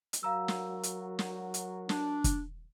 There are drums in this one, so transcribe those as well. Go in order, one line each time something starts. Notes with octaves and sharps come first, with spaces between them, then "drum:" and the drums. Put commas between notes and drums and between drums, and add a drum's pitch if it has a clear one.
drum: hi-hat
F#3 A#4 F5 A#5 E6
drum: snare
drum: hi-hat
drum: snare
drum: hi-hat
D4, drum: snare
drum: kick, hi-hat